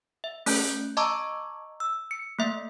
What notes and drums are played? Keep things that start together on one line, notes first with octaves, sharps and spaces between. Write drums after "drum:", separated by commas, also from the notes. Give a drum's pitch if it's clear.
E5
A3 C#4 F#6 G6, drum: open hi-hat
D#5 A5 A#5 C#6 D6 E6
E6
C#7
A3 A#3 E5